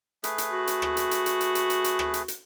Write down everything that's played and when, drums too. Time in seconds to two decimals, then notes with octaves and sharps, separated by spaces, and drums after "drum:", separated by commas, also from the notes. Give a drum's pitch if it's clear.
0.24 A3 G#4 B4, drum: hi-hat
0.38 drum: hi-hat
0.49 F#4
0.67 drum: hi-hat
0.82 drum: rim click
0.97 drum: hi-hat
1.11 drum: hi-hat
1.26 drum: hi-hat
1.41 drum: hi-hat
1.55 drum: hi-hat
1.70 drum: hi-hat
1.84 drum: hi-hat
1.99 drum: rim click
2.14 drum: hi-hat
2.28 drum: hi-hat